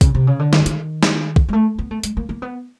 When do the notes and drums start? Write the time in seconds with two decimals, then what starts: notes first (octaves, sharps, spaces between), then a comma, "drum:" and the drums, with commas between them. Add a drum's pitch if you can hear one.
0.01 C#3, drum: kick, hi-hat
0.15 C3
0.27 C#3
0.39 D3
0.53 D#3, drum: snare
0.59 D3
0.66 D#3, drum: hi-hat
1.03 drum: snare
1.36 drum: kick
1.49 G#3
1.53 A3
1.79 B3
1.91 A3
2.04 G#3, drum: hi-hat
2.17 A#3
2.29 A#3
2.42 B3